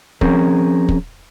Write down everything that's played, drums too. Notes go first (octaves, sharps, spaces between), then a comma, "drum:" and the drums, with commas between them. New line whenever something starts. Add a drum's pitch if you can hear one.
F3 C4 C#4 G#4 A#4, drum: kick
drum: kick